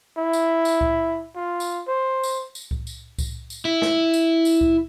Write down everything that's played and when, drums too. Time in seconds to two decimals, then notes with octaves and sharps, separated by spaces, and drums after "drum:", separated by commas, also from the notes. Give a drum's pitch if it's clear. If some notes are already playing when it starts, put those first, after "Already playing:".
0.18 E4
0.33 drum: tambourine
0.65 drum: tambourine
0.81 drum: kick C2
1.36 F4
1.60 drum: tambourine
1.88 C5
2.23 drum: tambourine
2.55 drum: tambourine
2.71 drum: kick C2
2.87 drum: tambourine
3.19 drum: kick C2, tambourine
3.50 drum: tambourine
3.65 E4
3.82 drum: snare
4.14 drum: tambourine
4.45 drum: tambourine
4.61 drum: kick C2